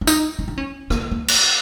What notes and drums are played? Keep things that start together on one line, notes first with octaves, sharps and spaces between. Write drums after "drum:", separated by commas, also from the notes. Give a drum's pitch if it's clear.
C#4
D#4, drum: tambourine
C#4
D#4
C#4
A#3, drum: rim click
A#3
drum: cymbal